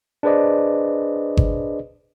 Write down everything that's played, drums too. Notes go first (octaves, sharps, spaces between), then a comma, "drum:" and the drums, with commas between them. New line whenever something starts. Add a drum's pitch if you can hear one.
D4 G#4 B4 C5 D5 D#5
drum: kick G1